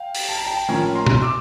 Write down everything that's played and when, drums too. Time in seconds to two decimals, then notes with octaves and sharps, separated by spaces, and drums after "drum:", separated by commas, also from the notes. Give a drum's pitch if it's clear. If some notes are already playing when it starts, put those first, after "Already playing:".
Already playing: F5 G5
0.15 drum: open hi-hat
0.29 A5
0.38 A#5
0.46 G5 A5
0.69 A2 F3 A#3 C#4 G#5 A#5
0.95 A#5 C6
1.06 drum: tom
1.22 D6 E6